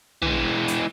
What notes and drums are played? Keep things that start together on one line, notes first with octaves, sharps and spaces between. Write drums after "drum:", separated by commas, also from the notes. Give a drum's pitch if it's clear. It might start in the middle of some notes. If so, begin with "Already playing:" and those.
E3 G#3, drum: tom
drum: hi-hat